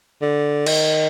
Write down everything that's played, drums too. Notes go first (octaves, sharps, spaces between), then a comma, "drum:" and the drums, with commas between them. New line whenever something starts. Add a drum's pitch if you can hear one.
D3
D#3, drum: cymbal